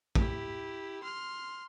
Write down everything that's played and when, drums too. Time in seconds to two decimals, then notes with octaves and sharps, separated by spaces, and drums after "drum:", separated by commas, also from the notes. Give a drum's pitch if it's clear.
0.15 E4 G4, drum: kick
1.03 C6 F6